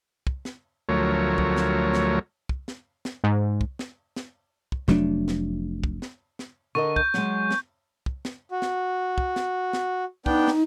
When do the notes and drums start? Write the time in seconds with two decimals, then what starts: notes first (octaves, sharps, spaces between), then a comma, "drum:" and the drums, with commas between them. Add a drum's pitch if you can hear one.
0.27 drum: kick
0.45 drum: snare
0.89 D2 F3 F#3 A3 A#4 C#5
1.38 drum: kick
1.57 drum: snare
1.94 drum: snare
2.49 drum: kick
2.68 drum: snare
3.05 drum: snare
3.24 G#2
3.61 drum: kick
3.79 drum: snare
4.16 drum: snare
4.72 drum: kick
4.88 F1 F#3 A3 D4, drum: snare
5.28 drum: snare
5.84 drum: kick
6.02 drum: snare
6.39 drum: snare
6.75 D3 A#4 D#5 C#6
6.96 G6, drum: kick
7.14 F#3 G#3, drum: snare
7.51 drum: snare
8.06 drum: kick
8.25 drum: snare
8.50 F#4
8.62 drum: snare
9.18 drum: kick
9.36 drum: snare
9.73 drum: snare
10.26 B3 D4 D#4 G5, drum: kick
10.48 drum: snare